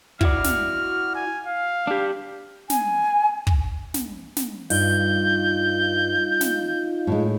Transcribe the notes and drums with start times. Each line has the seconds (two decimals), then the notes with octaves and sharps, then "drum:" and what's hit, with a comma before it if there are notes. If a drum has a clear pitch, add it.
0.21 E4 F#4 D5 F6, drum: kick
0.44 drum: snare
1.15 G#5
1.47 F5
1.87 D4 G4
2.70 G#5, drum: snare
3.47 drum: kick
3.94 drum: snare
4.36 drum: snare
4.70 G2 D#4 F4 G6, drum: open hi-hat
6.41 drum: snare
7.07 A2 G#3